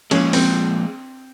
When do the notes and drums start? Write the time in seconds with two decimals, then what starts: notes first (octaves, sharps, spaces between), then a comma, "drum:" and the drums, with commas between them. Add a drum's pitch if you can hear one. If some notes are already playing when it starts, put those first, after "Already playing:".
0.11 A#2 F3 G#3 C#4, drum: cymbal
0.33 C4, drum: open hi-hat